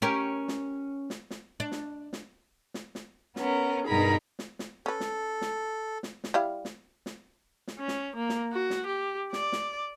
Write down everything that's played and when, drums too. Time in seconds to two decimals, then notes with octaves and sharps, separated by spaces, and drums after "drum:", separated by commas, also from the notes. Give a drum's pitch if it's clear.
0.02 C#4 G4 A#4
0.48 drum: snare
1.10 drum: snare
1.30 drum: snare
1.60 D4
1.72 drum: snare
2.13 drum: snare
2.74 drum: snare
2.95 drum: snare
3.36 B3 C#4 A#4, drum: snare
3.86 G2 B2 D#4 G#4 A#4 B5
4.39 drum: snare
4.59 drum: snare
4.86 C#4 A4 B4
5.00 drum: snare
5.41 drum: snare
6.03 drum: snare
6.24 drum: snare
6.34 G3 E4 F5
6.65 drum: snare
7.06 drum: snare
7.68 drum: snare
7.78 C#4
7.88 drum: snare
8.16 A#3
8.29 drum: snare
8.52 F#4
8.70 drum: snare
8.86 G4
9.33 D5, drum: snare
9.52 drum: snare